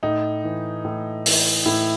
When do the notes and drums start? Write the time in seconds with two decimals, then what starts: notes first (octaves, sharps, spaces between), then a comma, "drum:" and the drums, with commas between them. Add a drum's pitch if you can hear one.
0.03 A2 D#4
0.44 E3
0.85 A2
1.26 E3, drum: open hi-hat
1.66 A2 E4